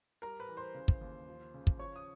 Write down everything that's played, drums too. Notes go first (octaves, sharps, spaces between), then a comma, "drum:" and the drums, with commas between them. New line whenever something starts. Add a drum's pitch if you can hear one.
G3 A#4 A#5
B4 B5
E3
C5 C6
C#3
drum: kick
D#2
F3
C#3
drum: kick
F3 C#5 C#6
D#6